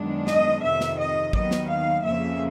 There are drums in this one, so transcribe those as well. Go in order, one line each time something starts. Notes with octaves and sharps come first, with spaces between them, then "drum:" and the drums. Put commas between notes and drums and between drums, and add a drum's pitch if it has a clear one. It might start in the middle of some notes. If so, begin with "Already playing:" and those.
Already playing: F#2 D#3 G#3 B3 D4
D#5, drum: snare
F2 C3 D#3 E5
drum: snare
D#5
D#2 D#3 F#3 B3 D#5, drum: kick
drum: snare
F5
F2 C#3 F3 A#3 C#4 E5